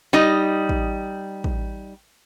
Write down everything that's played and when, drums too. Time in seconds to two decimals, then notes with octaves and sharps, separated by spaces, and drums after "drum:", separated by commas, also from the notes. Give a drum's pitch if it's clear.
0.13 G3 D#4 D#5
0.69 drum: kick
1.44 drum: kick